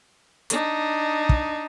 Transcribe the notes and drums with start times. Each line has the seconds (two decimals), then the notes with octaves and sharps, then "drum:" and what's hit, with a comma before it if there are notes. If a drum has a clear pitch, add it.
0.50 D4 D#4, drum: hi-hat
1.29 drum: kick